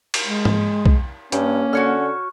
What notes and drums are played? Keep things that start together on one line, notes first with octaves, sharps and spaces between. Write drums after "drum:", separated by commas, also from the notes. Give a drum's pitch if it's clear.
drum: cymbal
G#3
drum: tom G#2
drum: kick
G2 A#3 C#4 G4, drum: hi-hat
D3 F#4 C#5 F6